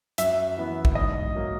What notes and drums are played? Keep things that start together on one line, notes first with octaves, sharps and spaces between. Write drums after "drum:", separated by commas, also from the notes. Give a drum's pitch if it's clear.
F#2 E5, drum: hi-hat
E3 B3
drum: kick
G#2 D#5
F#3 A#3